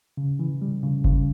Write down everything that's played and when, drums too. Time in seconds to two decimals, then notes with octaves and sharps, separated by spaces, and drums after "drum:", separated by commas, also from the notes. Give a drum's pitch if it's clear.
0.17 C#3
0.39 E3
0.62 G3
0.83 C#3
1.04 C#3, drum: kick F#1